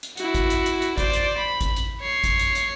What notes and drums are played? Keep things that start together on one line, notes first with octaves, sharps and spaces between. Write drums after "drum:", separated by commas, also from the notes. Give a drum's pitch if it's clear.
drum: hi-hat
E4 F#4, drum: hi-hat
drum: kick G#1, hi-hat
drum: hi-hat
drum: hi-hat
drum: hi-hat
C5 D5, drum: kick G#1, hi-hat
drum: hi-hat
B5
drum: kick G#1, hi-hat
drum: hi-hat
C#5 C7
drum: kick G#1, hi-hat
drum: hi-hat
drum: hi-hat